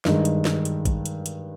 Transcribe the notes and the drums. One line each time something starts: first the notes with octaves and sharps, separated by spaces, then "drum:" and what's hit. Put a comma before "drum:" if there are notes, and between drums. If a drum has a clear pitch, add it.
G2 D#3 G#3, drum: snare
drum: hi-hat
drum: snare
drum: hi-hat
drum: kick, hi-hat
drum: hi-hat
drum: hi-hat